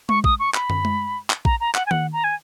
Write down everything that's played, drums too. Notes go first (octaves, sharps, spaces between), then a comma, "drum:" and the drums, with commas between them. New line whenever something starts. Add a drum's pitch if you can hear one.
C#6, drum: tom G#3
D#6, drum: kick
C#6
B5, drum: clap
drum: tom
drum: tom G#3
drum: clap
A#5, drum: kick
A#5
F#5, drum: clap
G#5
F#5, drum: tom D#3
A#5
G#5